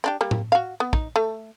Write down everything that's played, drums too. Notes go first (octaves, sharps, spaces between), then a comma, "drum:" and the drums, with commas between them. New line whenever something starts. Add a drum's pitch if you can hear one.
C4 D4 G4
G3 A#3
drum: tom A2
F#4 F5
B3
D#4, drum: kick
A3